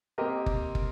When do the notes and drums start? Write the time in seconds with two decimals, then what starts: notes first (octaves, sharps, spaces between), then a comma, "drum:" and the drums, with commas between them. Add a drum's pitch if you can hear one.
0.18 A#3 C4 G4 A#4 D#5
0.46 drum: kick
0.75 drum: kick